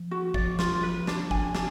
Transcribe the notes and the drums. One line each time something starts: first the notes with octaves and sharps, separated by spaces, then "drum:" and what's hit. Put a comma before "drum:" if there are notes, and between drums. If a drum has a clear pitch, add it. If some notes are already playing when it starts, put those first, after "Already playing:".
Already playing: F3
F#4
F3 D5, drum: kick G#1
F4, drum: snare
B4
D4, drum: snare
G#5, drum: kick G#1
D4, drum: snare